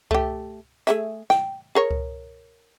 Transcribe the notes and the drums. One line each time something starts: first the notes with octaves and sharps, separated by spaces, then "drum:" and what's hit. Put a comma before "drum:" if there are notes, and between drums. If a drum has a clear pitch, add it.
A3 G4, drum: kick C#2
A3 G#4 E5, drum: hi-hat
G5, drum: snare
G#4 A#4 C#5
drum: kick C#2